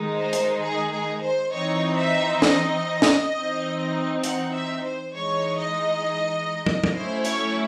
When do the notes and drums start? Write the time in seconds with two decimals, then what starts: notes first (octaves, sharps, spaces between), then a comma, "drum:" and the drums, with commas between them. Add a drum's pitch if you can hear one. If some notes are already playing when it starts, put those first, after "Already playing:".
Already playing: D#3 G#3 D#4
0.16 C5
0.33 drum: hi-hat
0.62 G#4
0.91 G#4
1.22 C5
1.52 E3 C4 D#4 C#5
1.97 E5
2.42 D#5, drum: snare
3.02 drum: snare
3.33 E3 C4 D#4
4.24 F#5, drum: hi-hat
4.53 E5
4.83 C5
5.14 E3 G#3 D#4 C#5
5.59 D#5
6.66 drum: tom
6.84 drum: tom
6.94 F#3 A3 C#4 E4 C5
7.25 C#5, drum: hi-hat